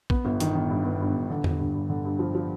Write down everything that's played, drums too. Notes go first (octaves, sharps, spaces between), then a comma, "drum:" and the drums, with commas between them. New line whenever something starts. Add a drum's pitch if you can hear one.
B3, drum: kick
G1
D#3, drum: hi-hat
D#3
G2
B3
G2
G2
D3
D3, drum: tom E2
G2
G2
D3
G2
F3
F3